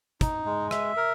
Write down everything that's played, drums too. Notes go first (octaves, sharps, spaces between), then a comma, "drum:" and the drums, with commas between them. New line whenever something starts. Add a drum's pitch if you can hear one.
D#4, drum: kick, hi-hat
G#3
E5, drum: rim click
A#4